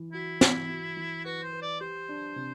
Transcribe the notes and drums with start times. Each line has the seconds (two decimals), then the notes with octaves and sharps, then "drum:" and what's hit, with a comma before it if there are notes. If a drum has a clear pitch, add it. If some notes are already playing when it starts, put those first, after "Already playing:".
Already playing: E3
0.13 E4 F#4
0.41 E3, drum: snare
0.69 F#4
0.96 E3
1.25 F#4 B4
1.43 C5
1.53 B4
1.62 D5
1.81 G4 C5
2.09 D4
2.36 C3